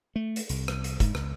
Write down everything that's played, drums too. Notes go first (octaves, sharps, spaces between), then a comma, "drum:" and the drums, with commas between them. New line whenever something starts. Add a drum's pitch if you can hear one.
A3
drum: hi-hat
C2, drum: hi-hat
drum: rim click
drum: hi-hat
G#2, drum: kick, hi-hat
C#2, drum: rim click